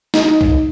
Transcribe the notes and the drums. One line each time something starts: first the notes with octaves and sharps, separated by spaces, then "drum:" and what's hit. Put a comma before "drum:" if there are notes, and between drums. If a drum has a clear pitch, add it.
D#4, drum: snare
drum: kick B1